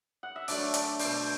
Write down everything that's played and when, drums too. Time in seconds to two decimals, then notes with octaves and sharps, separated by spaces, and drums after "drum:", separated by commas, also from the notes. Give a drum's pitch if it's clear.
0.23 F#5
0.36 E5
0.48 D3 F#3 A3 D5, drum: open hi-hat
0.74 D5, drum: hi-hat
0.99 B2 A3 C5, drum: open hi-hat